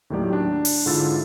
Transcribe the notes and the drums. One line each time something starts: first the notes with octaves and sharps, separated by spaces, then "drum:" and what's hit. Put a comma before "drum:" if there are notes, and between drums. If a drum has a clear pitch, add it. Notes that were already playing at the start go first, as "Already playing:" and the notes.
D#2 A2 D#3 F#3 G4 D5
D4
drum: open hi-hat
G#2 D3 E4 F4 E6 A6